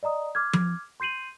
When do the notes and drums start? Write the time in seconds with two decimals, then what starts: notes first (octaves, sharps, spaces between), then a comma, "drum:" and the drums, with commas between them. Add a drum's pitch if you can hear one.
0.03 D5 D#5 A#5 D#6
0.35 D6 F6 G#6
0.53 drum: tom F3
1.00 C6 G6 C7 D#7 F#7